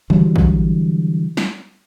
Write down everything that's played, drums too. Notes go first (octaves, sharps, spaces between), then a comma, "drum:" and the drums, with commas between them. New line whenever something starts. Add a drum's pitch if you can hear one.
D3 E3 F#3 G3, drum: tom E3
drum: kick
drum: snare